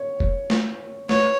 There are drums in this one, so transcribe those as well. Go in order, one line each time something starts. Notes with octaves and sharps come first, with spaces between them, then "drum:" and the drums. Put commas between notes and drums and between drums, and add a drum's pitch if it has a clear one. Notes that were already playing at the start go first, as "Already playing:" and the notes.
Already playing: C#5
drum: kick F1
drum: snare
B4 C#5, drum: snare